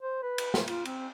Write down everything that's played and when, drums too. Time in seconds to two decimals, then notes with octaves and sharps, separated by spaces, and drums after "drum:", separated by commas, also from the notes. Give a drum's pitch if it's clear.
0.01 C5
0.22 B4
0.38 drum: cymbal
0.54 drum: snare
0.68 F4, drum: cymbal
0.85 C4, drum: cymbal